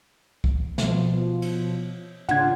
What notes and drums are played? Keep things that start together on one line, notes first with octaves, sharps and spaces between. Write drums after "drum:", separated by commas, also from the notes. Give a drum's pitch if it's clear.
drum: kick C2
B2 F3, drum: snare
drum: cymbal
C#3 D4 F4 F#5 G#6, drum: tom